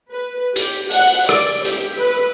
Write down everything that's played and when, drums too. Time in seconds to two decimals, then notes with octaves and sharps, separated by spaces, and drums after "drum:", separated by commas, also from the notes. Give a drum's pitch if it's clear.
0.11 B4
0.56 G4, drum: hi-hat
0.91 F#5, drum: open hi-hat
1.29 D5, drum: rim click
1.65 G4, drum: hi-hat
1.98 B4